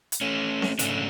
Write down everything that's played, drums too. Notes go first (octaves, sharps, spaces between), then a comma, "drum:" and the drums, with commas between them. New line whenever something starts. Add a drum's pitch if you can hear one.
drum: hi-hat
A3 C#4
drum: snare C4
G#2 C#3 A3 C#4 D4, drum: hi-hat